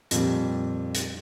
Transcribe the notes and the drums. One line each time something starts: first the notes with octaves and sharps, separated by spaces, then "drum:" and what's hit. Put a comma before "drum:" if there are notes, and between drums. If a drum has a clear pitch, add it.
F2 A#2 G3, drum: hi-hat
drum: hi-hat